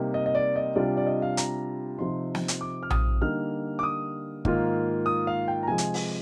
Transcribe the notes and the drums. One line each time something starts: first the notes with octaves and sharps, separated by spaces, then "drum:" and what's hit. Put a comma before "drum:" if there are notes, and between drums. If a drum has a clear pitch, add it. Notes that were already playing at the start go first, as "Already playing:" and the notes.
Already playing: C3 G3 A#3 D#4
D#5
D#5
D5
D#5
C3 G3 D4 F4 D5
D5
D#5
F5
A#5, drum: hi-hat
C3 F3 C4 D#4 C6
drum: snare
drum: hi-hat
D6
F6
D#6, drum: tom A#1
D3 G3 A#3 D#4 F6
D6
D#6
G#2 D#3 A#3 F4, drum: kick
D#6
F5
G5
A#5
C3 F3 G#3 G#5
drum: hi-hat
drum: open hi-hat